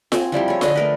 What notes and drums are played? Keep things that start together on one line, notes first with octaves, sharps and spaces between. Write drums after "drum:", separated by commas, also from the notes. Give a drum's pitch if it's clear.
C4 G#5, drum: snare F4
F3 G3 E4 G4
G#4 C#5
D3 D4 D#5, drum: snare F4
A3 A#4 B4